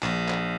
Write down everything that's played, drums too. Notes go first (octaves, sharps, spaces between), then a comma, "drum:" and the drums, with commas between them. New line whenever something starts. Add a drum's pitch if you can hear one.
A#1, drum: clap
drum: clap